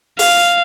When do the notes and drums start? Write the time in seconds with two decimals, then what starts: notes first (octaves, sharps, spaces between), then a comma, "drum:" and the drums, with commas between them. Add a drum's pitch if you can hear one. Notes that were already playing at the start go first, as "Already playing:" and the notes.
0.19 F5, drum: open hi-hat